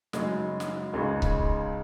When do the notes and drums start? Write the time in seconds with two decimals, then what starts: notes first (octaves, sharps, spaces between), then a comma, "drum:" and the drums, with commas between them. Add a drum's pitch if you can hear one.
0.13 F#2 C#3 G#3 D#4, drum: snare
0.60 drum: snare
0.93 C#2 C#3 G#3 D#4
1.22 drum: kick C#1